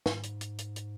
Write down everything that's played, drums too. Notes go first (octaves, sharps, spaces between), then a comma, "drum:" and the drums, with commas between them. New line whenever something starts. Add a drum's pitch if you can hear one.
G#2, drum: snare
drum: hi-hat
drum: hi-hat
drum: hi-hat
drum: hi-hat